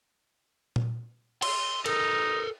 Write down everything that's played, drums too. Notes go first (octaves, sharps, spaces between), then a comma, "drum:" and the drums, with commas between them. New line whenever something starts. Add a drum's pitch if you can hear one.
drum: tom A#2
C6, drum: cymbal
D#4 A4 A#4, drum: cymbal